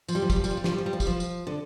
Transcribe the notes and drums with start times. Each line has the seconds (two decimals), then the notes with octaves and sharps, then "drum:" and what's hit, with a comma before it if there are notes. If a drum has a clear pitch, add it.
0.08 F3, drum: tambourine
0.15 G3
0.22 F3
0.30 G3, drum: kick, tambourine
0.36 F3
0.44 G3, drum: tambourine
0.51 F3
0.57 G3
0.64 F3, drum: snare
0.72 G3
0.78 F3
0.86 G3
0.93 F3
1.00 G3, drum: kick, tambourine
1.07 F3
1.20 drum: tambourine
1.47 D3